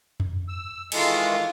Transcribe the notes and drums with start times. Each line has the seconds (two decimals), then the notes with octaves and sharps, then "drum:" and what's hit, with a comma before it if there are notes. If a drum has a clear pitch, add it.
0.20 drum: tom F2
0.48 E6
0.92 D#3 E3 G#3 F4 A4, drum: cymbal